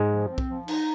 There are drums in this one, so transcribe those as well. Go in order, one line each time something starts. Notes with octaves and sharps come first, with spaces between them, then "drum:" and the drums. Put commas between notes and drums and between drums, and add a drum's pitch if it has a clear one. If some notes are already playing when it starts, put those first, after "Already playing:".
Already playing: G#2 G#3
F3
C4
drum: kick
F3
D#4, drum: cymbal